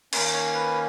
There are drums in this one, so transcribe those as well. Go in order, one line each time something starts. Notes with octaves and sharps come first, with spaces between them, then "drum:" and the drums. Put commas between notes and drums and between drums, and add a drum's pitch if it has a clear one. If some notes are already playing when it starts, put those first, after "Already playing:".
D#3 A#3 C#4 A#4, drum: cymbal
C#5
B4